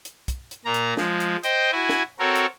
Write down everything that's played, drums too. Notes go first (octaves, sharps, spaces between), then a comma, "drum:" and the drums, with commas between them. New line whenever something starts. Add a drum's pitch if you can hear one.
drum: hi-hat
drum: kick, hi-hat
drum: hi-hat
A#2 A#3 A#5
drum: hi-hat
F3 G#3, drum: snare
drum: hi-hat
C5 D#5 G5, drum: hi-hat
E4 F#4 G#5
drum: snare
C4 F#4 A4 A#4 C#5
drum: hi-hat